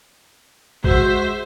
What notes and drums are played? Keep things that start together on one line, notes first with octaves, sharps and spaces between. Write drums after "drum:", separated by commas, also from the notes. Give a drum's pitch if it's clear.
G#3 F#4 C5 E5, drum: kick A1